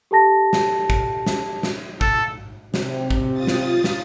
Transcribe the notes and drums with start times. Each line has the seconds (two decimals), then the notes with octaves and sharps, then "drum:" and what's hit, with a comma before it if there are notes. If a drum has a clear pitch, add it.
0.11 G4 A4 A5 A#6
0.53 drum: snare
0.90 drum: kick
1.26 drum: snare
1.63 drum: snare
2.01 A4, drum: kick
2.74 C3, drum: snare
3.11 drum: kick
3.32 F4 D#6 A6
3.47 drum: snare
3.84 drum: snare